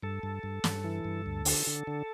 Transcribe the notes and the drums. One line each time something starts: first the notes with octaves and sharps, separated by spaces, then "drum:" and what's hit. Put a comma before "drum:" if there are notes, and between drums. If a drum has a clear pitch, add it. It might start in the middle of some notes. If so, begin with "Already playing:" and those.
G2 A4
G2
G2
G2, drum: snare
E3
G2
D2
D3, drum: open hi-hat
D3
D3